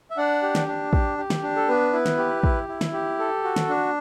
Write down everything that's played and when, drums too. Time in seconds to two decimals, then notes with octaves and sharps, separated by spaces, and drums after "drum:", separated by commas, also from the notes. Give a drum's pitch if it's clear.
0.11 E5
0.17 D4 D5 F#5
0.42 G4
0.55 drum: snare
0.67 D4
0.93 G4, drum: kick
1.18 G4
1.30 drum: snare
1.43 D4
1.56 A4
1.68 B3 B4
1.93 E4
2.06 drum: snare
2.18 G4
2.43 E4, drum: kick
2.68 E4
2.81 drum: snare
2.93 G4
3.19 A4
3.44 F#4
3.56 drum: snare
3.69 D4